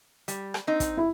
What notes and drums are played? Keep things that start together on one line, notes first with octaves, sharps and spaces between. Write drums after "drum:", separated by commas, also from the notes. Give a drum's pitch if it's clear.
G3, drum: hi-hat
drum: rim click
C4 D#4
drum: kick, hi-hat
E4